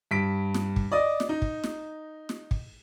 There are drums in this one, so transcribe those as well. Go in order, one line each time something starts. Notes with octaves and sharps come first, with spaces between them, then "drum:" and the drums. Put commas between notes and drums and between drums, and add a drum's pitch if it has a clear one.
G2 B6 D7
drum: snare
drum: kick
D5 D#5 D#6
drum: snare
D#4
drum: kick
drum: snare
drum: snare
drum: kick